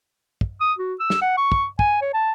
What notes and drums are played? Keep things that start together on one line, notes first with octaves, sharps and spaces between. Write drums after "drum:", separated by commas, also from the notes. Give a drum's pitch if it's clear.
drum: kick
D#6
F#4
E6
drum: snare
F#5
C#6
drum: kick
G#5, drum: kick
C#5
A5